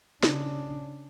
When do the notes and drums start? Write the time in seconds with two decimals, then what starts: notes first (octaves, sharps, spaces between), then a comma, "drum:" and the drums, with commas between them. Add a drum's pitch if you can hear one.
0.23 C#3 D4, drum: snare